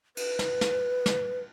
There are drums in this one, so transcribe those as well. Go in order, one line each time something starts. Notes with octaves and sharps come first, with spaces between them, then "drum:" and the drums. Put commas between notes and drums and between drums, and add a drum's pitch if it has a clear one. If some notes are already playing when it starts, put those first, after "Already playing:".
B4, drum: cymbal
drum: snare
drum: snare
drum: snare